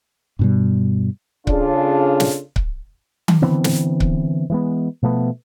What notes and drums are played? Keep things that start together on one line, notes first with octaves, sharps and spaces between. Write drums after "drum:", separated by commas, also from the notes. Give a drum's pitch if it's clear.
G2 B2 G3
C#3 D4 F4 A4, drum: kick C#1
drum: snare
drum: kick C#1
drum: tom D#3
D3 E3 B3 C4
drum: snare
drum: kick C#1
E3 G#3 B3
B2 F3 A3 B3